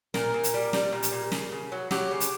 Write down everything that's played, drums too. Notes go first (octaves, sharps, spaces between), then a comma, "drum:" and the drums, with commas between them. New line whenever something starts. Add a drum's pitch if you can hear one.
A#2 A#4, drum: snare
A#2
drum: hi-hat
G3
G3, drum: snare
A#2
drum: hi-hat
A#2
C#3, drum: snare
C#3
F#3
F#3 G4, drum: snare
C#3
drum: hi-hat